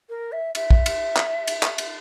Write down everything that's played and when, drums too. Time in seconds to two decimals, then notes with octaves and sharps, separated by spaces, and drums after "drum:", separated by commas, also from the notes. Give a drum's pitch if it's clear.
0.09 A#4
0.32 E5
0.55 E5, drum: cymbal
0.71 drum: kick
0.86 drum: cymbal
1.17 drum: clap
1.47 drum: cymbal
1.63 drum: clap
1.78 drum: cymbal